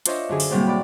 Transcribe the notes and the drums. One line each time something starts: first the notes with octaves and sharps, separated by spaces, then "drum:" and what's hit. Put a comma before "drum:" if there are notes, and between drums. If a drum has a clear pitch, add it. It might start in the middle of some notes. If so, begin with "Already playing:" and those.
D4 F4 C5 C#5 D#5 E5, drum: hi-hat
F#2 D3 G#4
drum: open hi-hat
A2 C3 F#3 G3 A#3 C4
D5 B5